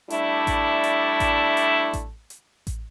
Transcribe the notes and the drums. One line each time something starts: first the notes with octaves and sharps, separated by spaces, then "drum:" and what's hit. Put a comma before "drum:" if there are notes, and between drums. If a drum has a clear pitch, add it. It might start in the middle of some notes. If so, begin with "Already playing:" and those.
G3 A3 D4 E4, drum: hi-hat
drum: kick A1, hi-hat
drum: hi-hat
drum: kick A1, hi-hat
drum: hi-hat
drum: kick A1, hi-hat
drum: hi-hat
drum: kick A1, hi-hat